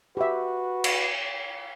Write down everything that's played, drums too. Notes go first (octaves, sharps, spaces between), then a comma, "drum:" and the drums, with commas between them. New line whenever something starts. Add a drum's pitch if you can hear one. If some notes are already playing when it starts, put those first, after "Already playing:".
F#4 G4 B4 E5
drum: cymbal